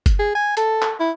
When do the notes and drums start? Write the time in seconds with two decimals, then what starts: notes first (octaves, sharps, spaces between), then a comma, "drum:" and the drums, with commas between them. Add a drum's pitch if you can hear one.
0.06 drum: kick F#1, hi-hat
0.19 G#4
0.35 G#5
0.57 A4, drum: hi-hat
0.82 drum: clap
1.00 E4